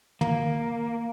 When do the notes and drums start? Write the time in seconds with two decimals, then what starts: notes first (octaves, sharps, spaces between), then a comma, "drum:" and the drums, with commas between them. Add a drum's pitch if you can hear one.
0.21 A#3, drum: tom